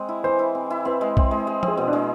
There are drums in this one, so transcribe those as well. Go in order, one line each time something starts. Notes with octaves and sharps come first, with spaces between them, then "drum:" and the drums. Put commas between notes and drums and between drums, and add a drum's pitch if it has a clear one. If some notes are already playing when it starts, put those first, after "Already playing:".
Already playing: G#3 C4
E4
E3 C5
E4
C4
E4
C4 B4
G#3
C4, drum: kick
G#3
G#3
C4, drum: tom F3
G#4
B2
D4
G#3